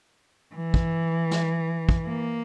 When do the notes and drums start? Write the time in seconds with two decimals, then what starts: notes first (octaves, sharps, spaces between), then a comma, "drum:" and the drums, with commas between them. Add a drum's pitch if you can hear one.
0.55 E3
0.74 drum: kick
1.31 drum: snare
1.89 drum: kick
2.08 A#3